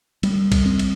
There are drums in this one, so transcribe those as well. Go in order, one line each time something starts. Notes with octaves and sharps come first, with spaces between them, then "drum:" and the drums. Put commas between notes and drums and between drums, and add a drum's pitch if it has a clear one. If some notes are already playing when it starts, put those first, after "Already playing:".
G3, drum: cymbal
drum: kick, cymbal
C4
drum: cymbal